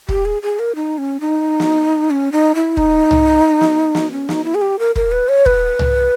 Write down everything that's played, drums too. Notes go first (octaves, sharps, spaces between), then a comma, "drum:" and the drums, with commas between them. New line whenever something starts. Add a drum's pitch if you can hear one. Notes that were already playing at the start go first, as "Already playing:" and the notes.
G4, drum: kick
G#4
G#4
A#4
D#4
C#4
D#4
drum: snare
C#4
D#4
E4
D#4, drum: kick
drum: tom C2
drum: snare
drum: snare
C#4
D#4, drum: snare
E4
G#4
G4
A#4
A#4, drum: kick
B4
C#5
B4, drum: kick
drum: tom C2